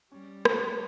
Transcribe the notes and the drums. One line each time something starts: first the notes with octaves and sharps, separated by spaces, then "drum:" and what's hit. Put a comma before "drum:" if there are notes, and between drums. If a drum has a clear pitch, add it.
G3 C#4
A3, drum: rim click